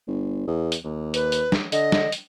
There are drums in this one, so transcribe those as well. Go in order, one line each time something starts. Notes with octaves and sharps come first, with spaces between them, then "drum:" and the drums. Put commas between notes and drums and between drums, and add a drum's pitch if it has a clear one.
G1
E2
drum: hi-hat
D#2
B4, drum: hi-hat
drum: hi-hat
drum: snare
D3 D#5, drum: hi-hat
drum: snare
drum: hi-hat